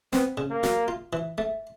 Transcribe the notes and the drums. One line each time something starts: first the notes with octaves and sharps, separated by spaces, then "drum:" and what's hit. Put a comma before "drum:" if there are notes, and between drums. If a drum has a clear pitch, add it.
B3 C4, drum: snare
C#3
A#3
F#3, drum: snare
F4
E3
A3